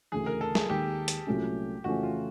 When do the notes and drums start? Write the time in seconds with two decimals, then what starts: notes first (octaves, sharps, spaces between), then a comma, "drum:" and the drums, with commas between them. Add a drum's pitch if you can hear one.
0.12 D2 C#3 E3 G#4
0.26 A#4
0.41 A4
0.55 G#4, drum: snare
0.69 D#2 D#3 G#3 G4
1.08 drum: hi-hat
1.27 C2 A#2 F#3 A3 C#4
1.84 F2 C#3 E3 A3 C#4 F#4
2.03 F4